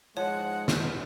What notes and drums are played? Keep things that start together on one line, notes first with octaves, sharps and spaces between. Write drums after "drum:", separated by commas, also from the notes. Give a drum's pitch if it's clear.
G#2 F3 G#3 C#5 F#5
B4 C5 F5, drum: snare